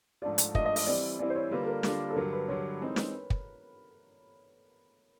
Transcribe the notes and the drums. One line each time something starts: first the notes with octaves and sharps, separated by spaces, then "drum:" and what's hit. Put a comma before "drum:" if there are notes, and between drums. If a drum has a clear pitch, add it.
G#2 F3 A3 D4 F4 D5
drum: hi-hat
G#2 F3 A3 D4 F4 D#5, drum: kick
D#5
D#5, drum: open hi-hat
E3 G3 C4 E4 D5
E3 G3 C4 E4 D5
C5
C#5
D3 G3 A#3 D4 F4 B4
A4
A#4
D3 G3 A#3 D4 F4, drum: snare
A4
G2 D3 F#3 A#4
B4
G2 D3 F#3 C#5
E3 G#3 C4 D#4
drum: snare
drum: kick